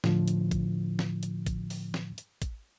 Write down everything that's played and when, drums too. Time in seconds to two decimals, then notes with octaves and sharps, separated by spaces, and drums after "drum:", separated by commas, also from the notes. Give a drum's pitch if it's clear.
0.04 A2 D3 F3, drum: snare
0.28 drum: hi-hat
0.51 drum: kick A1, hi-hat
0.99 drum: snare
1.23 drum: hi-hat
1.46 drum: kick A1, hi-hat
1.70 drum: open hi-hat
1.94 drum: snare
2.18 drum: hi-hat
2.42 drum: kick A1, hi-hat